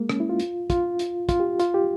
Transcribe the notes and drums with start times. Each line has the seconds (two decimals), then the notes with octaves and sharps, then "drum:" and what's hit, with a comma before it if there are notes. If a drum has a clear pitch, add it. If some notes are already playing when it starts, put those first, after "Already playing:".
Already playing: G#3 A#3
0.09 C#4, drum: rim click
0.20 E4
0.29 F4
0.39 drum: hi-hat
0.70 F4, drum: kick, hi-hat
0.99 drum: hi-hat
1.29 F4, drum: kick, hi-hat
1.40 G4
1.59 F4, drum: hi-hat
1.74 G4